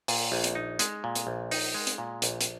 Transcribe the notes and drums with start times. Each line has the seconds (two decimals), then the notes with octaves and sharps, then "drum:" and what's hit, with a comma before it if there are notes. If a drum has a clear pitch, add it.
0.08 A#2, drum: open hi-hat
0.32 A#1
0.44 drum: hi-hat
0.55 D#4
0.79 G#3, drum: hi-hat
1.04 A#2
1.15 drum: hi-hat
1.27 A#1
1.51 D#4, drum: open hi-hat
1.74 G#3
1.87 drum: hi-hat
1.98 A#2
2.22 A#1, drum: hi-hat
2.41 drum: hi-hat